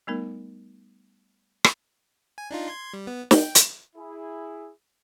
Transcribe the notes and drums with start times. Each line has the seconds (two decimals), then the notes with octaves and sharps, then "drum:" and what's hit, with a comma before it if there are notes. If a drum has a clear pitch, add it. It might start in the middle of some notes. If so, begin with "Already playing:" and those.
0.07 G3 A3 B3 D#4 A#4
1.64 drum: rim click
2.38 G#5
2.50 D4 D#4 F4
2.68 C6 G#6
2.93 G3
3.07 B3
3.31 G5, drum: snare
3.55 drum: hi-hat
3.96 E4 G#4